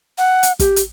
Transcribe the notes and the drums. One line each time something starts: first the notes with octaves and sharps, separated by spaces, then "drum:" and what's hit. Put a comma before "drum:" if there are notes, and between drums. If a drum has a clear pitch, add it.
F#5
drum: hi-hat
G4, drum: kick, hi-hat
drum: hi-hat